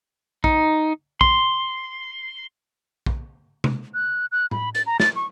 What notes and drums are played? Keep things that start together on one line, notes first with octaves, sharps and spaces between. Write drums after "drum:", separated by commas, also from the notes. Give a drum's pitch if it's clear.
D#4, drum: kick
C6, drum: kick
drum: kick
drum: tom C3
F#6
F#6
B5, drum: tom A2
A6, drum: hi-hat
A#5
A6, drum: snare
C#6